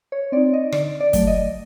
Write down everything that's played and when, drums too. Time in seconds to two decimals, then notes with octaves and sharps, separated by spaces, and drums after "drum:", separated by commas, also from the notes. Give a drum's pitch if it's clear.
0.12 C#5
0.32 C4 D#4 D5
0.54 D#5
0.72 D3 D5, drum: rim click
1.00 D5
1.13 F#3 A3, drum: kick, hi-hat
1.27 D#5